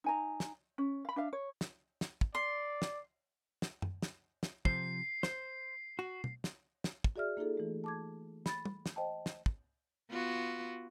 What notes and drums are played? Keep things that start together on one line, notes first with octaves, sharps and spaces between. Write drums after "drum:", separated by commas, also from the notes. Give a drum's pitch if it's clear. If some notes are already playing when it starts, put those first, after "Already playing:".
D#4 G#5 A#5
drum: snare
C#4
F5 B5
D4 E5 F5
C#5
drum: snare
drum: snare
drum: kick
D5 C6
drum: snare
drum: snare
drum: tom F#2
drum: snare
drum: snare
C3 F3 C5 C7, drum: kick
C5, drum: snare
F#4
drum: tom
drum: snare
drum: snare
drum: kick
F#4 G#4 D5 E5 F6
A#3 D#4 F4 G#4 A4
E3 A3
A5 D6 G#6
B5 A6, drum: snare
drum: tom
drum: snare
C5 D#5 G5 A5
drum: snare
drum: kick
B3 F4 F#4